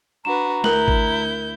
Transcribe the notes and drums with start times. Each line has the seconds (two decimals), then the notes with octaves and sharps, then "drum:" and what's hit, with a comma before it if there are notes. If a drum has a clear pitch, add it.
0.25 D4 F#4 B4 A#5 E7
0.64 D2 E4 A#4 F#6 G6 F#7, drum: snare
0.88 drum: kick G#1